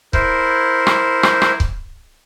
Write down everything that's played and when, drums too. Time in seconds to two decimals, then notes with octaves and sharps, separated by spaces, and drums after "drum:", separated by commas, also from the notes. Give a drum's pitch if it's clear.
0.13 E4 A#4 C5, drum: kick C#1
0.87 drum: rim click
1.23 drum: rim click
1.42 drum: rim click
1.60 drum: kick C#1